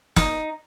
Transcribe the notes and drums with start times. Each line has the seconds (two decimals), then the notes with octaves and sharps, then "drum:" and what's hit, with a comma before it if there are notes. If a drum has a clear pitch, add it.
0.16 D#4, drum: snare